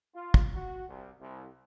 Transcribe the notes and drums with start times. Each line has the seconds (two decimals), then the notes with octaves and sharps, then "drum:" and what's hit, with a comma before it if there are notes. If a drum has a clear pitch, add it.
0.14 F4
0.34 drum: kick
0.53 F#4
0.88 C2
1.20 C2